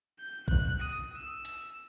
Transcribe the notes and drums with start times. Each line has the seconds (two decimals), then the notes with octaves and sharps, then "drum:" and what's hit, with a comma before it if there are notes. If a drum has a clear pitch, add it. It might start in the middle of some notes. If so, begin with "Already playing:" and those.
0.19 G6
0.48 F#6, drum: kick
0.80 D#6
1.15 E6
1.45 drum: hi-hat